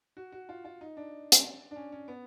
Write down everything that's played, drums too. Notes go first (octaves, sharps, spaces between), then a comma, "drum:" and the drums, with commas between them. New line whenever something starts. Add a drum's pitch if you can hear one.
F#4
F#4
F4
F4
D#4
D4
drum: hi-hat
D4
C#4
C#4
B3